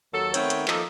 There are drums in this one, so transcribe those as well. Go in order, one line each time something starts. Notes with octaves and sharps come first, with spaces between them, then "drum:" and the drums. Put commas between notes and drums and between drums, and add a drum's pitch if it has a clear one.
D#2 F#3 A4
D#3 A3 B3 C4 C#5, drum: hi-hat
drum: hi-hat
F3 A#3 D#4 A4, drum: clap